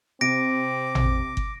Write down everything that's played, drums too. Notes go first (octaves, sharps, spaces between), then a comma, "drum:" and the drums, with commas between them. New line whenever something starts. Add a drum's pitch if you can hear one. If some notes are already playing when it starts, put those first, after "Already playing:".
C3 C4 D6 A#6 D7
drum: tom A1
drum: kick G1